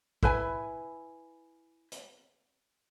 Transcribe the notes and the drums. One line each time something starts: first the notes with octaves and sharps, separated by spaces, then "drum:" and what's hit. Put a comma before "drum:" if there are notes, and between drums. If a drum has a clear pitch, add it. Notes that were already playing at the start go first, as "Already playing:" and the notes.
E4 B4 G#5, drum: kick
drum: hi-hat